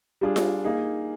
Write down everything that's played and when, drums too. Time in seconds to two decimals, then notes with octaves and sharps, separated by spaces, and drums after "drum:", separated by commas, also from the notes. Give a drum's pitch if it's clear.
0.21 G3 D4 F4 G#4
0.36 drum: snare F4
0.64 A#3 D#4 G#4